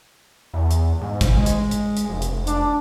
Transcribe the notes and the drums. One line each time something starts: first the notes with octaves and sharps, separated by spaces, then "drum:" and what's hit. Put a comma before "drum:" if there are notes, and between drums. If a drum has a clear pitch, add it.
E2
drum: hi-hat
G#2
drum: kick, hi-hat
G#3
drum: hi-hat
drum: hi-hat
drum: hi-hat
F1
drum: hi-hat
D4, drum: hi-hat